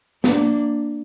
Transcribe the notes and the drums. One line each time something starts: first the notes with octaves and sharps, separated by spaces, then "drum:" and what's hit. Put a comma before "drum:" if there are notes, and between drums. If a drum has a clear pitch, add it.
A#3 D4, drum: snare